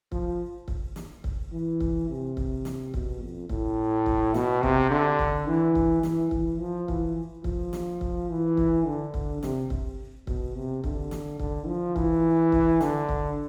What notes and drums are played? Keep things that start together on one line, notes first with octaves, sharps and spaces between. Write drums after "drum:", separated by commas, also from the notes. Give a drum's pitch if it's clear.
F3, drum: kick C#1
drum: kick C#1
drum: snare
drum: kick C#1
E3
drum: kick C#1
C3
drum: kick C#1
drum: snare
B2, drum: kick C#1
F2
A2, drum: kick C#1
drum: kick C#1
B2, drum: snare
C3, drum: kick C#1
D3
drum: kick C#1
E3
drum: kick C#1
E3, drum: snare
E3, drum: kick C#1
F3
E3, drum: kick C#1
F3, drum: kick C#1
drum: snare
drum: kick C#1
E3
drum: kick C#1
D3
drum: kick C#1
C3, drum: snare
drum: kick C#1
B2, drum: kick C#1
C3
D3, drum: kick C#1
drum: snare
D3, drum: kick C#1
F3
E3, drum: kick C#1
drum: kick C#1
D3, drum: snare
drum: kick C#1